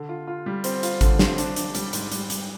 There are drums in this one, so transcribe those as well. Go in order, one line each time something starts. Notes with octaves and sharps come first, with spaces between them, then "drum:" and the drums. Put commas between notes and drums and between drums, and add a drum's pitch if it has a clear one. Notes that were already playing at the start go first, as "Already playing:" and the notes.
Already playing: D3
F4
F4
G3
C4, drum: hi-hat
F4, drum: hi-hat
D3, drum: kick G#1, hi-hat
C4, drum: snare
D4, drum: hi-hat
D4, drum: hi-hat
G3, drum: hi-hat
G#2, drum: hi-hat
G3, drum: hi-hat
G3, drum: hi-hat